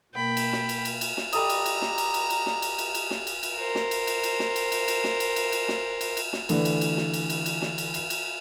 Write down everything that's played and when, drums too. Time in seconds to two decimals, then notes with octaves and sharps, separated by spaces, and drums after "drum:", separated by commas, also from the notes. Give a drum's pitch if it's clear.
0.14 B2 A#3 G5 B5
0.37 drum: cymbal
0.53 drum: snare
0.69 drum: cymbal
0.85 drum: cymbal
1.01 drum: cymbal
1.17 drum: snare
1.33 G3 A4 D#5 A#5, drum: cymbal
1.50 drum: cymbal
1.66 drum: cymbal
1.82 drum: snare
1.98 drum: cymbal
2.14 drum: cymbal
2.30 drum: cymbal
2.46 drum: snare
2.62 drum: cymbal
2.78 drum: cymbal
2.95 drum: cymbal
3.11 drum: snare
3.27 drum: cymbal
3.43 drum: cymbal
3.56 A#4 C5
3.75 drum: snare
3.91 drum: cymbal
4.07 drum: cymbal
4.23 drum: cymbal
4.40 drum: snare
4.56 drum: cymbal
4.72 drum: cymbal
4.88 drum: cymbal
5.04 drum: snare
5.20 drum: cymbal
5.36 drum: cymbal
5.52 drum: cymbal
5.68 drum: snare
6.01 drum: cymbal
6.17 drum: cymbal
6.33 drum: snare
6.49 D3 E3 A3, drum: cymbal
6.65 drum: cymbal
6.81 drum: cymbal
6.97 drum: snare
7.14 drum: cymbal
7.30 drum: cymbal
7.46 drum: cymbal
7.62 drum: snare
7.78 drum: cymbal
7.94 drum: cymbal
8.10 drum: cymbal